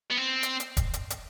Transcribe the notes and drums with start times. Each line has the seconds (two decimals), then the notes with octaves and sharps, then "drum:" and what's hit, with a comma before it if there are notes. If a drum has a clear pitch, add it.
0.11 B3
0.18 C4
0.43 drum: hi-hat
0.60 drum: hi-hat
0.77 drum: kick E1, hi-hat
0.94 drum: hi-hat
1.10 drum: hi-hat